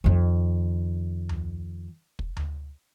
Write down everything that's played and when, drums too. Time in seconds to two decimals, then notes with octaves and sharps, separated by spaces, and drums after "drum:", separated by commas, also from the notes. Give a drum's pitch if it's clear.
0.04 F2 D#3
1.29 drum: tom D2
2.19 drum: kick
2.37 drum: tom D2